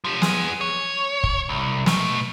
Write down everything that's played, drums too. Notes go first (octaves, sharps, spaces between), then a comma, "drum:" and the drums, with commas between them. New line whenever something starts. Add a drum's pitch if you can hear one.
F3 G4
B3 G#4, drum: snare
C#5
drum: kick
C2
B2 A3, drum: snare